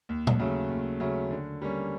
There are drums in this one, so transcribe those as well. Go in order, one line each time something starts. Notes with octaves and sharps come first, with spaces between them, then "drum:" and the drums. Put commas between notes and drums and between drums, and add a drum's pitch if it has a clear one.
D#2
drum: tom A#2
C#3 F#3 A3
D#2
C#3 F#3 A3
D3
G3 A#3 C#4